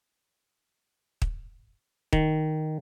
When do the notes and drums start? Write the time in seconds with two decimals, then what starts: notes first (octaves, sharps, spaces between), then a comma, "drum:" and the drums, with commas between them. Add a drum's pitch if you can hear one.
1.22 drum: kick
2.13 D#3, drum: kick